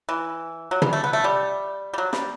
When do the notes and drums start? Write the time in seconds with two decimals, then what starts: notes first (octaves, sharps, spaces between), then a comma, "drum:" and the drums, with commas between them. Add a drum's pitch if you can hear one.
0.09 E3
0.71 F#3
0.82 G3, drum: tom
0.93 A3
1.04 B3
1.13 A3
1.24 G3
1.93 G3
1.98 F#3
2.13 G3, drum: snare